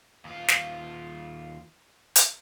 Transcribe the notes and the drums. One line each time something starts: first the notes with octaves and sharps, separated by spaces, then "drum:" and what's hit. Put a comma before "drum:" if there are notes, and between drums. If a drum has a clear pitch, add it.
D#2 F4
drum: snare
drum: hi-hat